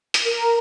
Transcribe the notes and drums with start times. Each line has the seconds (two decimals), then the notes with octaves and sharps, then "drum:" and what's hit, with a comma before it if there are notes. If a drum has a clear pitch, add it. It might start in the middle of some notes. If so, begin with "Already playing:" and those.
0.14 drum: hi-hat
0.24 A#4
0.39 A#5